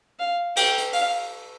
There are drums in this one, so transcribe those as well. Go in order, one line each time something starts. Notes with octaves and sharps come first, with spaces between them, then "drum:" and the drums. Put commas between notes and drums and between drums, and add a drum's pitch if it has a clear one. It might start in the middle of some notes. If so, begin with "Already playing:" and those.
F5
G5, drum: cymbal
drum: hi-hat
F5, drum: open hi-hat